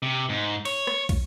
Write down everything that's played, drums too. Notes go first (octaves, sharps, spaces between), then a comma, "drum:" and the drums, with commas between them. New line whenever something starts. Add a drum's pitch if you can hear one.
C3
G#2
C#5, drum: cymbal
drum: rim click
drum: kick, cymbal